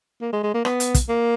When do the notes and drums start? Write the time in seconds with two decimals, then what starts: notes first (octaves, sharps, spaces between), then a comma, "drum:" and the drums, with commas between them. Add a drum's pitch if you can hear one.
0.21 A#3
0.33 G#3
0.43 G#3
0.54 A#3
0.65 B3, drum: rim click
0.80 drum: hi-hat
0.94 drum: kick, hi-hat
1.09 A#3